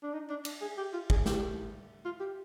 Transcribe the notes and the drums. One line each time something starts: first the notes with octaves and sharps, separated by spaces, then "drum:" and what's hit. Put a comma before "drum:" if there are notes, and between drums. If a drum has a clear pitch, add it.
D4
D#4
D4
D4, drum: cymbal
G#4
G4
F4
G#4, drum: kick
G4, drum: snare
F4
G4